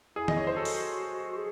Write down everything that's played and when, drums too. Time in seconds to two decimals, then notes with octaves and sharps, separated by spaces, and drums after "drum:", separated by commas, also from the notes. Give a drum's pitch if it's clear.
0.15 E4 G#4
0.28 D#5, drum: tom
0.37 C#5
0.47 C5
0.56 F#4 A4
0.65 drum: open hi-hat
1.37 G#4